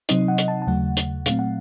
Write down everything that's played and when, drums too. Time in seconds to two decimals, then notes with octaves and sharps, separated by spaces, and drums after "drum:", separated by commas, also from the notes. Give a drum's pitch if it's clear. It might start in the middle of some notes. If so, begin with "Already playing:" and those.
0.09 C3 F#3 C4 D#4 D#5, drum: hi-hat
0.28 F#5
0.38 drum: hi-hat
0.48 A5
0.62 A5
0.67 D#2 C#3 F#3 A3 F#5
0.97 drum: hi-hat
1.26 A#2 F#3 A3 C4 F5, drum: hi-hat
1.39 F#5